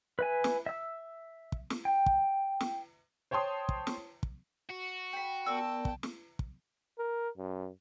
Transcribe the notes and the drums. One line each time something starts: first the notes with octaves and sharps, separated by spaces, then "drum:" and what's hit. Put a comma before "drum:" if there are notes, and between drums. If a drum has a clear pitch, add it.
B4 E5 G#5
drum: snare
E5 E6
drum: kick
drum: snare
G5
drum: kick
drum: snare
C5 C#5 G5 A5 C6 D#6
drum: kick
drum: snare
drum: kick
F#4
G5 B5
B3 A#4 D5 G5 A5 C#6 E6
drum: kick
drum: snare
drum: kick
A#4
F#2